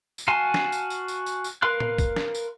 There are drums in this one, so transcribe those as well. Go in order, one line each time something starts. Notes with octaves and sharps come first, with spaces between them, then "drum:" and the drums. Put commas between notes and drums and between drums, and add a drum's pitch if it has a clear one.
drum: tambourine
F#4 F5 G#5 A5 C6
drum: snare
drum: tambourine
drum: tambourine
drum: tambourine
drum: tambourine
drum: tambourine
A#4 B4 F5 C6 F#6
drum: tom A2
drum: kick, tambourine
drum: snare
drum: tambourine